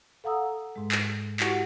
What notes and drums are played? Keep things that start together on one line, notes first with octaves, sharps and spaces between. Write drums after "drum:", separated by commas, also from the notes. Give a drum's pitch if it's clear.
A4 F5 F#5 A#5 D#6 E6
G#2 G#3
drum: clap
E4 F#4 G4 F#5 C#6, drum: clap